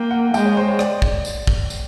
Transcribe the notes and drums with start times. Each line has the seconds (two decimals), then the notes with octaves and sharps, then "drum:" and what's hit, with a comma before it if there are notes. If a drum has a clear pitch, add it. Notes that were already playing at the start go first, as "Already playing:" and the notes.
Already playing: A#3 G5
0.11 F#5
0.34 G#3 G5, drum: tambourine
0.46 C#5
0.57 C5
0.68 C#5
0.79 D5, drum: rim click
1.02 drum: kick
1.25 drum: tambourine
1.47 drum: kick
1.70 drum: tambourine